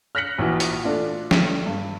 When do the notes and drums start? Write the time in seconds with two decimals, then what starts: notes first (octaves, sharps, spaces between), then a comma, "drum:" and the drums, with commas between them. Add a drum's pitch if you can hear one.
0.15 F6 F#6 A#6 B6 C#7 F#7
0.38 A#1 E3 F#4
0.60 drum: hi-hat
0.83 A3 D4 F4
1.31 drum: snare
1.66 G2